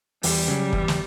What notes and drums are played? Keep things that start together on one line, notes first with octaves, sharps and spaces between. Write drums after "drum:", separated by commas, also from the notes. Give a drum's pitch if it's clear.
E2 G3, drum: open hi-hat
C#3 F#3
E2, drum: kick
drum: snare